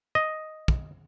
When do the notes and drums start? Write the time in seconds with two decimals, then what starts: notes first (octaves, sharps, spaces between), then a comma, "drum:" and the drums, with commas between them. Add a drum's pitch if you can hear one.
0.15 D#5
0.68 drum: kick